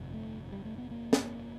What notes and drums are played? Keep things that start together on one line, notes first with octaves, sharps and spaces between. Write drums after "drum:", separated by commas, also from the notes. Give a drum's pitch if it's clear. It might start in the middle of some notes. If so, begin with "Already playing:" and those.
Already playing: G1 F2 C3
A3
G3
A3
B3
A#3
drum: snare